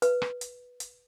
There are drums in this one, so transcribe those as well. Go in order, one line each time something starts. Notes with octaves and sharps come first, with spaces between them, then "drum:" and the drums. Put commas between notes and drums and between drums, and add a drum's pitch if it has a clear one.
B4, drum: hi-hat
drum: rim click
drum: hi-hat
drum: hi-hat